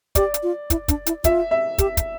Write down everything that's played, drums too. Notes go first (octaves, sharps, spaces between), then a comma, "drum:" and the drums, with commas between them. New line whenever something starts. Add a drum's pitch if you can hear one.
G4 D5, drum: kick, hi-hat
drum: hi-hat
F4
E4, drum: kick, hi-hat
D4, drum: kick, hi-hat
E4, drum: hi-hat
F4 E5, drum: kick, hi-hat
E5
G4, drum: kick, hi-hat
drum: kick, hi-hat